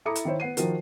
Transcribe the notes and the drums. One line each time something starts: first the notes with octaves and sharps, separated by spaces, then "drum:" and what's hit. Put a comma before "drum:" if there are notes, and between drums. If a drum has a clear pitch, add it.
E4 A4 A#5 D6 D#6 C#7
drum: hi-hat
D#3 E4 C5 C#5
B3 F#5 C7 D#7
D#3 F3 F#4 A#4, drum: hi-hat